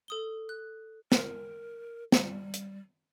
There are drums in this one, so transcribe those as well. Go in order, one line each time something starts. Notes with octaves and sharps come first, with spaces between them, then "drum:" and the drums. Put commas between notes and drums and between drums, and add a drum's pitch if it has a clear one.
A4 D#6 G7
F#6
A#4, drum: snare
G3, drum: snare
drum: hi-hat